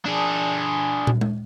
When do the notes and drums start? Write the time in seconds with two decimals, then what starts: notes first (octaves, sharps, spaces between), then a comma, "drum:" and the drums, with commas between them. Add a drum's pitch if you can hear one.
0.05 D4 G#4
1.07 drum: tom
1.21 drum: tom G#3